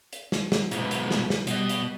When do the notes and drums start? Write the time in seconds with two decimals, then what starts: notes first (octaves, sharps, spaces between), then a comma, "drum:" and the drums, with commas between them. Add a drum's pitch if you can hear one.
0.13 drum: hi-hat
0.32 drum: snare
0.52 drum: snare
0.71 G#2 B2 B3, drum: hi-hat
0.91 drum: hi-hat
1.11 drum: snare
1.30 drum: snare
1.47 B2 G3 D#5, drum: hi-hat
1.69 drum: hi-hat